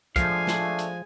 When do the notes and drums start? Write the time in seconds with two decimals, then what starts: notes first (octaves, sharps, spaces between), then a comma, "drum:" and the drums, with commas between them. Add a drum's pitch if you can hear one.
0.16 F3 G#3 A3 D4 F5 G#5, drum: kick, hi-hat
0.47 drum: snare
0.79 drum: hi-hat